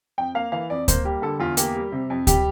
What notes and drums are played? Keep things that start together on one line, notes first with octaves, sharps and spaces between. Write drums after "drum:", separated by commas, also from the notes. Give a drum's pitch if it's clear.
F2 G5
A#3 F5
E3 F5
F2 D5
A#3 C5, drum: kick D2, hi-hat
G3 G4
D3 A4
E2 F4
A#3 G4, drum: hi-hat
G3
C3
F2
G3 G4, drum: kick D2, hi-hat